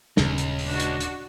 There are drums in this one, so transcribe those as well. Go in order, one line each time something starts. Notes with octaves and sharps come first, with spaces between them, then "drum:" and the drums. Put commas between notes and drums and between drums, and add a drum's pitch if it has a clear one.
D#1 C#2 C#3, drum: snare
drum: hi-hat
drum: open hi-hat
D4 F#4
drum: hi-hat
drum: hi-hat